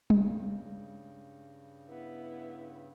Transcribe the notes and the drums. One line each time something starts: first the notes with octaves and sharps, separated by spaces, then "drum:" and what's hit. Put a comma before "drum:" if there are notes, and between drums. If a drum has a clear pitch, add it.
G2 C#3, drum: tom G3
B3 E4